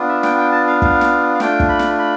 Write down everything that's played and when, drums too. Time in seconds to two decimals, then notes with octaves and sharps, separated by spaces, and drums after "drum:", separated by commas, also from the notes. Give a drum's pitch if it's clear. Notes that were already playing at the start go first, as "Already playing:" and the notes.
Already playing: B3 D4 F4
0.09 E5
0.23 G5, drum: snare
0.37 G5
0.52 A5
0.67 F5
0.82 F5, drum: kick
1.01 drum: snare
1.34 F5
1.40 A3 D4 F4 G5, drum: snare
1.60 drum: kick
1.69 B5
1.79 drum: snare
1.99 B5